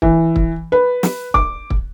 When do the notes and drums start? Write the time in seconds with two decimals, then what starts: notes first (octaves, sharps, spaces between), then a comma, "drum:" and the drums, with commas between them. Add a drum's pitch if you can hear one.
0.02 E3, drum: kick
0.36 drum: kick
0.72 B4
1.03 drum: snare
1.34 D6, drum: kick
1.70 drum: kick